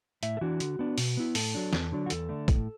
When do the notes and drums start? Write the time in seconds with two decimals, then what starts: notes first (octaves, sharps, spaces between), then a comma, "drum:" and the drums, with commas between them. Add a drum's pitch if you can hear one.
0.23 A2 E5, drum: hi-hat
0.37 A4
0.41 E3 D4 F#4
0.60 D3, drum: hi-hat
0.79 B3 D4
0.98 B2, drum: open hi-hat
1.17 B3 E4
1.35 A2 A4, drum: open hi-hat
1.55 F#3 D4
1.73 E2, drum: snare
1.92 D3 F#3 D4
2.06 F#4
2.10 E2 A4, drum: hi-hat
2.29 D3 A3 D4
2.48 A2, drum: kick, hi-hat